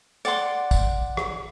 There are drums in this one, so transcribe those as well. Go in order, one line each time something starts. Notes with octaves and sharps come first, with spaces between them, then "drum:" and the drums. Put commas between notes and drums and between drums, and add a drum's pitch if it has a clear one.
D5 F#5 C6, drum: tambourine
drum: kick, tambourine
drum: rim click